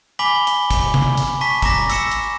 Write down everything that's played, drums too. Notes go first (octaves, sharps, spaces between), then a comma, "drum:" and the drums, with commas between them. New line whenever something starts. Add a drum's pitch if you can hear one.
G#5 B5 D6 B6 F#7 G7
drum: hi-hat
drum: kick, hi-hat
drum: tom C3
drum: hi-hat
A5 C#6 B6, drum: open hi-hat
A#5 D6 A#6 B6, drum: kick, hi-hat
E6 C#7 E7, drum: hi-hat
drum: hi-hat